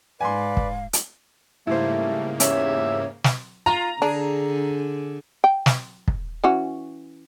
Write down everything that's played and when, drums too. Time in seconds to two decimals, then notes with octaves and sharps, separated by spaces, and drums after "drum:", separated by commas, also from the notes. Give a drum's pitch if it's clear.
0.21 G#2 B4 D5 F5 G#5 C6
0.57 drum: kick
0.93 drum: hi-hat
1.67 G#2 C#3 G3 A3 A#3 E4 C5
2.40 E2 C#4 G4 C#5 E5, drum: hi-hat
3.24 drum: snare
3.66 F4 A#5
4.02 D3 D4 G#4
5.44 G5
5.66 drum: snare
6.08 drum: kick
6.44 E3 C#4 F#4